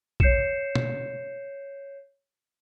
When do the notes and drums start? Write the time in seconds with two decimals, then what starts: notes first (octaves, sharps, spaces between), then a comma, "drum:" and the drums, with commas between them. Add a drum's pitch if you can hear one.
0.20 C#5 G6 C7 C#7 E7, drum: kick
0.75 drum: tom